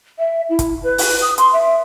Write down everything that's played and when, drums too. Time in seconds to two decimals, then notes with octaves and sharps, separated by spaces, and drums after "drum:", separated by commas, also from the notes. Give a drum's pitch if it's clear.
0.19 E5
0.49 E4
0.59 drum: kick, hi-hat
0.83 B4
0.98 drum: open hi-hat
1.22 D#6
1.38 C6, drum: hi-hat
1.53 E5